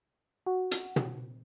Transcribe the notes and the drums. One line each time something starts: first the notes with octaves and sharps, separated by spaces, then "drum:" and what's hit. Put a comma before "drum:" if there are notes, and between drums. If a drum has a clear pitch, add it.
F#4
drum: hi-hat
drum: tom